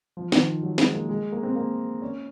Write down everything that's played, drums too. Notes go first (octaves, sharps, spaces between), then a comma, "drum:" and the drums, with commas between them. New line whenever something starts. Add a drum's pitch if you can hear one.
F3
D#3, drum: snare
F3
F#3
G#3, drum: snare
A#3
G#3
A#3
C4
A#3
C#4